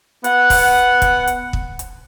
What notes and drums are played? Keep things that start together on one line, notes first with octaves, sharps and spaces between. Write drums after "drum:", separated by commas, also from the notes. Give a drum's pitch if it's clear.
B3 F#5, drum: hi-hat
drum: kick, open hi-hat
drum: kick, hi-hat
drum: hi-hat
drum: kick
drum: hi-hat